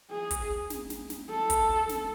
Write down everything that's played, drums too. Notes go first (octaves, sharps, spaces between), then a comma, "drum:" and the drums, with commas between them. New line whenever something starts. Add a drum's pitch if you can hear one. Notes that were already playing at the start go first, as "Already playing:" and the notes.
G#4
drum: kick, hi-hat
drum: snare
drum: snare
drum: snare
A4
drum: kick, hi-hat
drum: snare